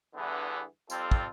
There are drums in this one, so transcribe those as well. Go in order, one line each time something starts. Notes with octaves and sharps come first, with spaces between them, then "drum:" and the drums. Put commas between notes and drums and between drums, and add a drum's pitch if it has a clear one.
E2 G2 D3 E3 B3
F2 G3 C4 F4 A4, drum: tambourine
drum: kick